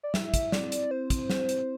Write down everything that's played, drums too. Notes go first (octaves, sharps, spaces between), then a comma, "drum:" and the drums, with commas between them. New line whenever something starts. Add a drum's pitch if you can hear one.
D5
E4 E5, drum: snare
drum: kick, hi-hat
C4 D5, drum: snare
drum: hi-hat
C4 C5
drum: kick, hi-hat
drum: snare
drum: hi-hat